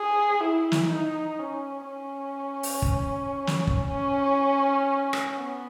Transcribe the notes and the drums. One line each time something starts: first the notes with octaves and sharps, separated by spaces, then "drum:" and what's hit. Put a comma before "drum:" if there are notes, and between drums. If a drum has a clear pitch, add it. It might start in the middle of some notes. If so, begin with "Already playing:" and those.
Already playing: G#4
E4
drum: snare
D#4
C#4
C#4
drum: open hi-hat
drum: kick
drum: snare
drum: kick
C#4
drum: rim click
B3